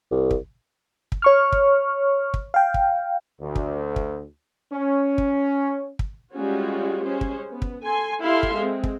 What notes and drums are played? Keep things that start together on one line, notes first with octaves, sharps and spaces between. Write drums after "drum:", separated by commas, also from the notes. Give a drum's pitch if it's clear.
C2
drum: kick
drum: kick
C#5 C#6 F6
drum: kick
drum: kick
F5 G5
drum: kick
D2
drum: kick
drum: kick
C#4
drum: kick
drum: kick
G3 G#3 C#4 F4 F#4
G#3 C#4 C5
drum: kick
B3
drum: kick
A4 G#5 C6
E4 G4 A4 E5 F5 C6
drum: kick
G#3 C4
drum: kick